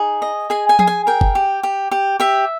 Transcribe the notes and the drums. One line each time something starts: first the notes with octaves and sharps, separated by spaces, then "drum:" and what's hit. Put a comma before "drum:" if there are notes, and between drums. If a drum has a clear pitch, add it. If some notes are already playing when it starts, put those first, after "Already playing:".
Already playing: D#4 G#4
D#5
G#4 G#5
G#5
G#4, drum: tom F3
G#5
A#4 G5
drum: kick
G4
G4
G4
G4 E5